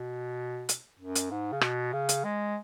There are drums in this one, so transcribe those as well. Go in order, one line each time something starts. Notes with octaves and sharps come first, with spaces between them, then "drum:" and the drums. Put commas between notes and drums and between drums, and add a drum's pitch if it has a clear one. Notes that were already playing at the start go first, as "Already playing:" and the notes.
Already playing: B2
drum: hi-hat
F#2
drum: hi-hat
G#2
C#3
B2, drum: rim click
C#3
drum: hi-hat
G#3